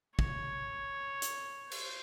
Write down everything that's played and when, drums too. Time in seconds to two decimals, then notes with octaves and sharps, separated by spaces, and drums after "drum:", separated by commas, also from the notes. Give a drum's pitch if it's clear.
0.19 C#5, drum: kick
1.22 drum: hi-hat
1.71 C5, drum: cymbal